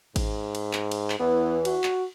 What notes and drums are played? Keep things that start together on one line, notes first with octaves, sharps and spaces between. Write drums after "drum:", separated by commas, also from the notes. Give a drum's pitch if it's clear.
G#2, drum: kick G#1, cymbal
drum: cymbal
drum: clap
drum: cymbal
drum: clap
E2 E3 B3
F#4, drum: cymbal
drum: clap